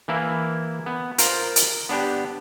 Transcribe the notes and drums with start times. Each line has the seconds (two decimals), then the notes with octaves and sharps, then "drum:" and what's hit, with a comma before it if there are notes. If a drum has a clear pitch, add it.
0.08 E3 A#3 E4
0.86 B3
1.18 F4 A#4 C5, drum: hi-hat
1.56 drum: hi-hat
1.89 B3 D4 G4